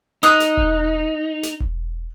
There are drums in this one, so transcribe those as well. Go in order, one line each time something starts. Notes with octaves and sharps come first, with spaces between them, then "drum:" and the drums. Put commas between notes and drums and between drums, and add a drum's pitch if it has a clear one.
D#4 D#6 F#6 G6
drum: snare
drum: kick E1
drum: snare
drum: kick E1